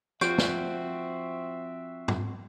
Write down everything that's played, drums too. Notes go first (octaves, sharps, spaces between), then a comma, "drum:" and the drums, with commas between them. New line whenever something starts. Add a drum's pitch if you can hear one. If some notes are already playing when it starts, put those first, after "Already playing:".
F3 C4 F#4 E5 G6 D7, drum: rim click
drum: snare
drum: tom